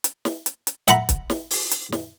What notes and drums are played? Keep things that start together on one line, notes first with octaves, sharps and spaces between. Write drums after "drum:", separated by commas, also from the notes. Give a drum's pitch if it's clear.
drum: hi-hat
drum: snare
drum: hi-hat
drum: hi-hat
E5 F#5 A#5 B5, drum: hi-hat
drum: kick, hi-hat
drum: snare
drum: open hi-hat
drum: hi-hat
drum: snare